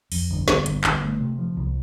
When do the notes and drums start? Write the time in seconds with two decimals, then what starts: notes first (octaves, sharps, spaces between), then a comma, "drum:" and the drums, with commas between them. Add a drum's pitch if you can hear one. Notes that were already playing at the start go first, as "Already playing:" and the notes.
0.12 F2, drum: open hi-hat
0.30 G1
0.48 G1, drum: snare
0.66 G1, drum: hi-hat
0.84 G1, drum: clap
1.02 A3
1.20 C3
1.38 F3
1.56 C2